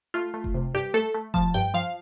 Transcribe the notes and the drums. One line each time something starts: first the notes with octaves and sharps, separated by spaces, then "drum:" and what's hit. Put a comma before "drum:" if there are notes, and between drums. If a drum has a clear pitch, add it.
A3 F4
A3
drum: kick F1
C3
G2 G4
A3 A4
A3
F3 A5, drum: kick F1
G2 G5
F3 F5